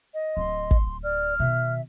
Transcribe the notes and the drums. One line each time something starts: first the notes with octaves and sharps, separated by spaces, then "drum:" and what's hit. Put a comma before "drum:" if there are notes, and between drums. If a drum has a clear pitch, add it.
D#5
D1 C6
drum: kick
D5 F6
B2 D#3 E5